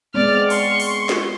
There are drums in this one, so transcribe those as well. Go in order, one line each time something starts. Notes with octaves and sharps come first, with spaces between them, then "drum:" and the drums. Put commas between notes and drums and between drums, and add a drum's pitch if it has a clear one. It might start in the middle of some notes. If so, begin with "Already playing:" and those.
G#3 B3 C4 D5 F6
C6 C#6, drum: open hi-hat
drum: open hi-hat
drum: snare